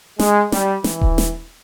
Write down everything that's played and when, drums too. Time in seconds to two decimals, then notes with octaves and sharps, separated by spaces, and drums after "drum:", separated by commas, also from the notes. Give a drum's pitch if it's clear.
0.19 G#3, drum: snare
0.52 G3, drum: snare
0.84 E3, drum: snare
1.01 drum: kick D#1
1.18 drum: snare